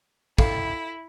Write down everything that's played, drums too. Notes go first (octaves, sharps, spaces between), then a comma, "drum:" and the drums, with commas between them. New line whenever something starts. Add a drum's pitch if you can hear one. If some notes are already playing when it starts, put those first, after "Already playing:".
E4 A4 F5 G5, drum: kick